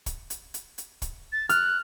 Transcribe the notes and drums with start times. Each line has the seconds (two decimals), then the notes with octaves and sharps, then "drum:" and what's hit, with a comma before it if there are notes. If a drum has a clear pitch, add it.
0.06 drum: kick, hi-hat
0.30 drum: hi-hat
0.54 drum: hi-hat
0.78 drum: hi-hat
1.02 drum: kick, hi-hat
1.32 A6
1.49 F6 F#6, drum: hi-hat